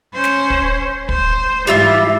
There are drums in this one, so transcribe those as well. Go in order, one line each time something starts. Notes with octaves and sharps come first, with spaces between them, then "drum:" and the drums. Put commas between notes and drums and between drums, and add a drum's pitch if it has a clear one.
C#4 C5
drum: snare
drum: kick
C5, drum: kick
G#2 E3 G3 F4 E5